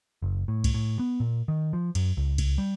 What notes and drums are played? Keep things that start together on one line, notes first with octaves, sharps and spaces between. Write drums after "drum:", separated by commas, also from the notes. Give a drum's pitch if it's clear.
F#1
A2
drum: kick C2, cymbal
A2
B3
A#2
D#3
F3
F#2, drum: cymbal
C#2
drum: kick C2, cymbal
G3